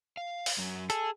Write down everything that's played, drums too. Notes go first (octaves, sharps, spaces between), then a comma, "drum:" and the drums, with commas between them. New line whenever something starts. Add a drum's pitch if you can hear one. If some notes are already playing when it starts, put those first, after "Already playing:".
F5
drum: open hi-hat
F#2 F#3
G#4 A4, drum: hi-hat